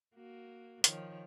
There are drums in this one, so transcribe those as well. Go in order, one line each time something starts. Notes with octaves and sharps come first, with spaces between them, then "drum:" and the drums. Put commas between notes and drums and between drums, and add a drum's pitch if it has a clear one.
A#3 F#4
D#3 F3 C#5, drum: hi-hat